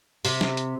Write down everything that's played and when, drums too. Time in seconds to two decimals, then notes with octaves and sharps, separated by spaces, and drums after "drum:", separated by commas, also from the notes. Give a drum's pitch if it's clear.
0.25 C3, drum: open hi-hat
0.41 drum: snare
0.57 drum: hi-hat